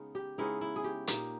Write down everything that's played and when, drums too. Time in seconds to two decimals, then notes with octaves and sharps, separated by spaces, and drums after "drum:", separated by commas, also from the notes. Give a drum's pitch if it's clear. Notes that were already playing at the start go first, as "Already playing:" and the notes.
Already playing: C#3 G#3 B3 D#4
0.15 G4
0.38 C#3 G#3 B3 D#4 E4
0.61 E4
0.76 G#4
0.84 G4
1.07 A#2 A#3 D#4 G4, drum: hi-hat